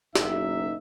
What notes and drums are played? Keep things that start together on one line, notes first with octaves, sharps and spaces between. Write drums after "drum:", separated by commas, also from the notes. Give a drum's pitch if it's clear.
F#1 B1 D#4 E5, drum: snare